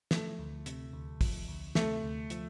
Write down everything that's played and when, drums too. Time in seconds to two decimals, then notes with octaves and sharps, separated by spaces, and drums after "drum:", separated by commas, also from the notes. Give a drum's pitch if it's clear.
0.11 F3 A3, drum: snare
0.39 D2
0.66 C3, drum: hi-hat
0.93 D2
1.21 F3, drum: kick, open hi-hat
1.48 D2
1.75 C3 A3, drum: snare
2.03 D2
2.30 F3, drum: hi-hat